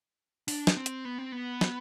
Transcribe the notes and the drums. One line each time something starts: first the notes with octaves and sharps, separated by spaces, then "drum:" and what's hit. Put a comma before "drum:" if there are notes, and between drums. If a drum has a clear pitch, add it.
D4, drum: open hi-hat
drum: snare
C4
drum: hi-hat
B3
C4
B3
drum: snare